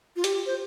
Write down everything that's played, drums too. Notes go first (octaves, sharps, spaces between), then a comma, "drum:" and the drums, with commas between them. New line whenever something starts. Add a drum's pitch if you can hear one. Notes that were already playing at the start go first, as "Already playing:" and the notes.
F4
G4, drum: hi-hat
C5